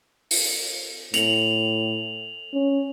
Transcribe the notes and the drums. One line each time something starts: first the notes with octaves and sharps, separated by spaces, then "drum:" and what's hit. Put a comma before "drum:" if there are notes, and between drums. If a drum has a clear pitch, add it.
drum: open hi-hat
A2 F7 F#7, drum: hi-hat
C#4